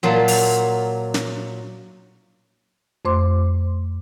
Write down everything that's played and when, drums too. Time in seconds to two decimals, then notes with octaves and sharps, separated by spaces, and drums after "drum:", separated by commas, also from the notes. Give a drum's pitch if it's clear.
0.03 A#2 F#3 A#3 F4 A5
0.28 drum: open hi-hat
1.14 drum: snare
3.05 F2 A3 C5 C6 D6